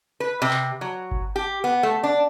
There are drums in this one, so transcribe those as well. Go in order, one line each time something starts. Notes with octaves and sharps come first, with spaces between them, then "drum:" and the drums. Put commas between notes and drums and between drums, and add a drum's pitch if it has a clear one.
B4
C3
drum: clap
F#3
drum: kick G1
G4
B3
A3
D4